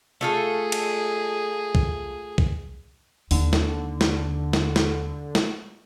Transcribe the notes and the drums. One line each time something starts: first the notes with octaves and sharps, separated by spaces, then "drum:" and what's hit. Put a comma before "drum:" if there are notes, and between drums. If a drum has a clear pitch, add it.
A3 F4 G#4 A4
drum: cymbal
drum: kick C2
drum: kick C2
D#2 D3 D#4, drum: open hi-hat
drum: snare
drum: snare
drum: snare
drum: snare
drum: snare